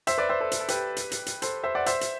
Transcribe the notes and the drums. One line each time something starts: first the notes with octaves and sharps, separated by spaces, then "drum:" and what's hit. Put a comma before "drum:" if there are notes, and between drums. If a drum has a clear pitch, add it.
C5 E5, drum: hi-hat
B4 D5
C5 E5
A4 C5
B4, drum: hi-hat
A4
G4 B4, drum: hi-hat
drum: hi-hat
drum: hi-hat
drum: hi-hat
A4 C5, drum: hi-hat
C5 E5
D5 F#5
C5 E5, drum: hi-hat
drum: hi-hat